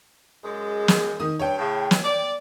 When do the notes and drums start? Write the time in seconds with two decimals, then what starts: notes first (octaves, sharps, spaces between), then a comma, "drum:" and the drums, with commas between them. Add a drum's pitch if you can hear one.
0.44 F#2 G#3
0.88 drum: snare
1.20 D#3 D#6
1.39 G2 C#5 G5
1.58 A2 C#3
1.91 drum: snare
2.03 D5